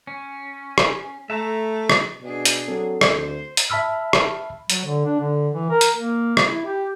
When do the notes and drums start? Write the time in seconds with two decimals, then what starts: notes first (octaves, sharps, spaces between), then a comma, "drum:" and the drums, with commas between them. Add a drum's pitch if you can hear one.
0.07 C#4
0.78 drum: rim click
1.30 A3 E5 A5 A#5
1.90 drum: rim click
2.22 B2 D4 G#4
2.45 drum: hi-hat
2.68 F#3 C4 A4
3.01 drum: rim click
3.11 D2 C5
3.57 drum: hi-hat
3.70 E5 A5 B5 E6 F6
4.13 drum: rim click
4.70 F#3, drum: hi-hat
4.84 D3
5.05 D4
5.20 D3
5.53 E3
5.70 A#4
5.81 drum: hi-hat
5.96 A#3
6.37 drum: rim click
6.47 E4
6.65 G4